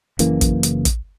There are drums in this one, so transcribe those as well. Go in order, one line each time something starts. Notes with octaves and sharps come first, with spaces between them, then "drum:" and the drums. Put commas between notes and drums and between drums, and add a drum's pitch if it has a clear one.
F#1 C#3 E3 A#3, drum: hi-hat
drum: kick, hi-hat
drum: hi-hat
drum: kick, hi-hat